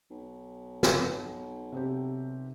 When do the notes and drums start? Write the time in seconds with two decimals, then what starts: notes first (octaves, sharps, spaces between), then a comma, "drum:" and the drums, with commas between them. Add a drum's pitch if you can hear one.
0.10 B1
0.83 drum: snare
1.72 C3 C4 G4